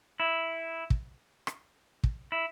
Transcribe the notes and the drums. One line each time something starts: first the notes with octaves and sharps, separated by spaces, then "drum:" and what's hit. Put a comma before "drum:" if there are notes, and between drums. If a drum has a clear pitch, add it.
E4
drum: kick
drum: rim click
drum: kick
E4